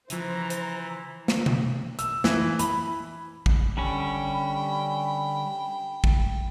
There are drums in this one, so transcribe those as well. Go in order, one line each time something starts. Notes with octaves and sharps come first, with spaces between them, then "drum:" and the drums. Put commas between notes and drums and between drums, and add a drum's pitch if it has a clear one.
C#3 E3 F3 C5 A#5, drum: hi-hat
drum: hi-hat
drum: snare
drum: tom B2
E6, drum: hi-hat
E3, drum: snare
B5, drum: hi-hat
drum: kick
D3 G3 C#4 G5 B5
drum: kick